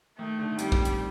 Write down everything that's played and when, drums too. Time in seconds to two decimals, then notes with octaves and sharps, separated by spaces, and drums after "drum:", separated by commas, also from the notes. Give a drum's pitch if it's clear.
0.19 D#3 A3
0.39 D3
0.59 F2 G3, drum: hi-hat
0.72 drum: kick
0.85 drum: hi-hat